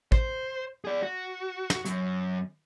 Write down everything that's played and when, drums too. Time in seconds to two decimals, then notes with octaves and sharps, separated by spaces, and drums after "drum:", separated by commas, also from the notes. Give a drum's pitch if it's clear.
0.12 C5, drum: kick A1
0.85 G#4 D5
1.02 F#4
1.70 drum: snare
1.85 F#2 F#3, drum: hi-hat